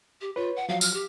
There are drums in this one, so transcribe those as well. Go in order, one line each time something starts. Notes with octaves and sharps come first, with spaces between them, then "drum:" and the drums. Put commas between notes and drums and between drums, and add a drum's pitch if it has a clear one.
G4
F4 B4 C#5
F#5
F3 F#3 F5
F6, drum: tambourine
G4